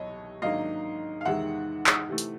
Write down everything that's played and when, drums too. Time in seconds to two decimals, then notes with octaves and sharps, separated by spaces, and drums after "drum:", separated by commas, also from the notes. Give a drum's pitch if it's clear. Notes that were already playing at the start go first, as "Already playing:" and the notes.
Already playing: C2 B2 F#3 C#5 D#5
0.42 G#2 D#3 F#3 A#3 D4 D#5 F5
1.21 F5
1.25 E2 C3 D#3 G#3 E5 F#5
1.87 drum: clap
2.09 C3 E3 A3
2.18 drum: hi-hat